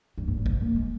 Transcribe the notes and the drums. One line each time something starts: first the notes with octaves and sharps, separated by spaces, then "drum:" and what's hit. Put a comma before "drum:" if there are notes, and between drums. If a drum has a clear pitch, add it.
G2
G#2
A#2
C3, drum: kick A1
A#3
G#3